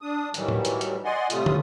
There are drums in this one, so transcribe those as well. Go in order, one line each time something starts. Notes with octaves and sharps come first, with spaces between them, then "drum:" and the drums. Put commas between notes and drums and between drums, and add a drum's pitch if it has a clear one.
D4 D#6
A2 D#3 E3 F#3 G3, drum: hi-hat
drum: tom A2
drum: hi-hat
drum: hi-hat
D5 D#5 F#5 G#5 C6
A2 C3 G3 A3 F4 D#6, drum: hi-hat
drum: tom